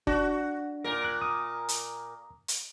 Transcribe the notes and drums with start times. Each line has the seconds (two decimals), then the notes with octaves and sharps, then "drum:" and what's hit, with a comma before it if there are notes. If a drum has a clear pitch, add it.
0.07 D4 F#4, drum: kick F#1
0.84 A#2 A#4
1.04 F#6
1.22 D#6
1.69 drum: hi-hat
2.48 drum: hi-hat